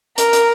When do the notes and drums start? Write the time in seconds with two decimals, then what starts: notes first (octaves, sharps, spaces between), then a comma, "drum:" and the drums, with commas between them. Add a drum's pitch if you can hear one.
0.18 A#4, drum: hi-hat
0.33 drum: hi-hat